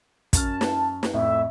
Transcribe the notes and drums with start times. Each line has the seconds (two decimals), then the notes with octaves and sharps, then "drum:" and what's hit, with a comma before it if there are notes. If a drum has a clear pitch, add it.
0.33 F#2 C#4 A5 F6, drum: kick, hi-hat
0.61 drum: snare
1.03 drum: snare
1.14 F2 A2 E5